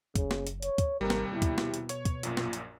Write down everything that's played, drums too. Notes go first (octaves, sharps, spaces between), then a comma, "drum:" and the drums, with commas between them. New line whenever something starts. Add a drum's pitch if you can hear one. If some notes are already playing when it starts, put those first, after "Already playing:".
F#1 C#3, drum: kick D2, hi-hat
drum: snare
drum: hi-hat
C#5, drum: hi-hat
drum: kick D2, hi-hat
G#1 D#2 C3 G3 A#4
drum: snare
B2 E4
drum: kick D2, hi-hat
drum: snare
drum: hi-hat
C#5 C#6, drum: hi-hat
drum: kick D2, hi-hat
A#1 F#2 A#2 F4, drum: hi-hat
drum: snare
drum: hi-hat